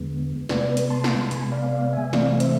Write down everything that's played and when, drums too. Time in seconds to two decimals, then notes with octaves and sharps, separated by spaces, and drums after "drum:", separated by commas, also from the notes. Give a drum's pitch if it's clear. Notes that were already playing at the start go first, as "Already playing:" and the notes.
Already playing: E2 D3 G#3 B3
0.49 C3 G#3 B3 B4 D5, drum: snare
0.77 drum: hi-hat
0.90 A5 C6
1.04 drum: snare
1.21 C6
1.31 C3 G#3 B3 G#5 B5, drum: hi-hat
1.52 D5 F5
1.72 D5 F5
1.93 E5 G#5
2.13 C3 E3 A3 C4 D5 F5, drum: snare
2.40 C5 E5, drum: hi-hat